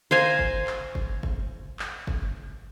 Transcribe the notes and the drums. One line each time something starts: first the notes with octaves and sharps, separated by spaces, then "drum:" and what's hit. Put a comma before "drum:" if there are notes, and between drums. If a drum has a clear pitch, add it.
C5 F5 G#5 A#5
drum: kick F#1
drum: clap
drum: kick F#1
drum: kick F#1
drum: clap
drum: kick F#1